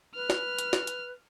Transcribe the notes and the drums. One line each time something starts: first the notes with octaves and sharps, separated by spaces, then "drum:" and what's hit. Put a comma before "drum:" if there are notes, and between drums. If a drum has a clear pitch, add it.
B4 F6
drum: snare
drum: hi-hat
drum: snare
drum: hi-hat